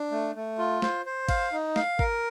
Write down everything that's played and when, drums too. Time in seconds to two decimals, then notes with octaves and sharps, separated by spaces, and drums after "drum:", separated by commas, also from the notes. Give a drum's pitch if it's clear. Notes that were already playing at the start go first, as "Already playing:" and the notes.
Already playing: D4
0.11 A3
0.35 A3
0.58 F4
0.82 C5, drum: snare
1.06 C5
1.29 F5, drum: kick G#1, cymbal
1.53 D#4
1.76 F5, drum: snare
1.99 A#4, drum: kick G#1